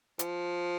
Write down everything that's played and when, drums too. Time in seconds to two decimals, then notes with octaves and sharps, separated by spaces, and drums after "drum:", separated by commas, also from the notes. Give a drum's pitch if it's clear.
0.19 F3, drum: hi-hat